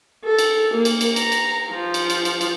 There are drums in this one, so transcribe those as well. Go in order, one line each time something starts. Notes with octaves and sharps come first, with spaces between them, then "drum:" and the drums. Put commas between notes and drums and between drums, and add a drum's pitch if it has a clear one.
A4
drum: cymbal
A#3
drum: cymbal
drum: cymbal
A#5, drum: cymbal
drum: cymbal
F3
drum: cymbal
drum: cymbal
drum: cymbal
drum: cymbal